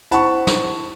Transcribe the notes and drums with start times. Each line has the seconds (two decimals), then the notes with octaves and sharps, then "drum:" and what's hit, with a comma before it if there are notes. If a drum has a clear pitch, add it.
0.11 C4 E4 F#5 A5 B5 C#6, drum: hi-hat
0.47 drum: snare